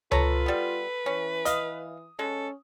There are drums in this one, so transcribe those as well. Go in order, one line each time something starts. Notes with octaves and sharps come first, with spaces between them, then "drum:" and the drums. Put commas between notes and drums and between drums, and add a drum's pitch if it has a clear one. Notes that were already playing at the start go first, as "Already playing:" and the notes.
F4 A4 B4 C#5 A#5, drum: tom C#2
G3 B3
E3 C#4
D#5 F5 D#6, drum: hi-hat
G#3 C#4 A4